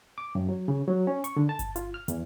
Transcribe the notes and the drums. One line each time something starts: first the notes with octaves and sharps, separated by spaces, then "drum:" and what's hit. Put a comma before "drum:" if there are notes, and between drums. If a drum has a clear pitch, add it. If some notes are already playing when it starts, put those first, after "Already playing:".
D6
F#2
F#3
C#3
F#3
C#4
C#6, drum: hi-hat
D3
A5
drum: kick G1, hi-hat
F4, drum: hi-hat
F6
E2, drum: hi-hat